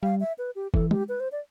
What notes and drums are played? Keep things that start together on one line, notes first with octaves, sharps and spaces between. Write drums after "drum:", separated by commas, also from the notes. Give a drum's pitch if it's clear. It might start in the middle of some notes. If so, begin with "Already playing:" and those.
G3 F5
E5
B4
G4
E3 A4, drum: kick
G4, drum: tom G#3
B4
C5
D5